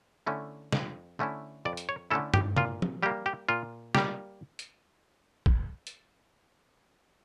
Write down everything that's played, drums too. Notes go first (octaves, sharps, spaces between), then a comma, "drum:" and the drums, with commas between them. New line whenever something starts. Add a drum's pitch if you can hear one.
D3 A3 C#4 E4
F2, drum: snare
D3 A3 C#4 E4
F2 D5
drum: hi-hat
C#5
D3 A3 C#4 E4 A4
G4, drum: tom
A#2 F4, drum: tom
drum: tom
G3 A#3 G4
G4
A#2 F4
G3 A#3 G4, drum: snare
drum: hi-hat
drum: kick
drum: hi-hat